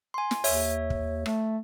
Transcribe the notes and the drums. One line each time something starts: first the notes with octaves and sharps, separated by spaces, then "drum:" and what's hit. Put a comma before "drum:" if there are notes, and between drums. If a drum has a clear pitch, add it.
G#5 C6
drum: snare
D#2 C#5 E5, drum: open hi-hat
drum: kick
A3, drum: rim click